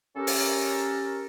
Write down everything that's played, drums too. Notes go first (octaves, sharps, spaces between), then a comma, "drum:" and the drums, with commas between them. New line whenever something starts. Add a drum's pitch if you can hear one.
C#4 G4 A4 A#4
drum: open hi-hat